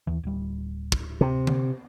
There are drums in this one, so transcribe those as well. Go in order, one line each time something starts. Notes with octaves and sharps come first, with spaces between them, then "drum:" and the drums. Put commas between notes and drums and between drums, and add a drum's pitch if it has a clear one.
D#2 E3
D1 G3
drum: kick
C3
drum: tom D3